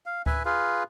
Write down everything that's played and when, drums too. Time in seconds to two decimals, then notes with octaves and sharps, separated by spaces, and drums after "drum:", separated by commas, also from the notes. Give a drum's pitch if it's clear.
0.06 F5
0.26 B4 E5 G#5, drum: kick D2
0.45 F4 G#4 B4 F5